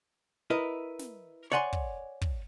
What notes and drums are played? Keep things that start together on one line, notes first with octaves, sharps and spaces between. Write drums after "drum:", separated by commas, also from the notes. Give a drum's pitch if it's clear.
E4 A#4 B4 D#5
drum: snare
C#5 D5 F#5 G#5 B5 C6
drum: kick
drum: kick